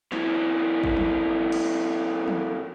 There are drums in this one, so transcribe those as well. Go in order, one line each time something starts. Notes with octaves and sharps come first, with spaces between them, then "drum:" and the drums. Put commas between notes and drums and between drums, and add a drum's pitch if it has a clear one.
F#2 E3, drum: snare
drum: kick G#1
drum: tom
drum: cymbal
drum: tom